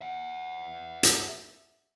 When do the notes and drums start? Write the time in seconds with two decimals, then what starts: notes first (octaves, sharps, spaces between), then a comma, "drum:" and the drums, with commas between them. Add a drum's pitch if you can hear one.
0.01 E5 F#5
1.03 drum: hi-hat